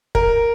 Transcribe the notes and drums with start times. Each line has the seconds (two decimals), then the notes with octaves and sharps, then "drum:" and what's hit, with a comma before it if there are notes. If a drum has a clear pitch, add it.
0.15 A#4, drum: kick